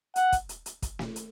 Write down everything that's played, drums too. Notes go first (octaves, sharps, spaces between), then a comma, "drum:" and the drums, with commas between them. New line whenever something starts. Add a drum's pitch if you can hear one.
F#5, drum: hi-hat
drum: kick, hi-hat
drum: hi-hat
drum: hi-hat
drum: kick, hi-hat
drum: snare
drum: hi-hat